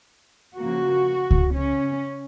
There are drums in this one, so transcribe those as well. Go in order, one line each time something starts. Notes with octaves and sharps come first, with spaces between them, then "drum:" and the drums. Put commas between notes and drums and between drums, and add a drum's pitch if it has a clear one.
C#3 F3 A#3 F#4
drum: kick C#2
C#3 C#4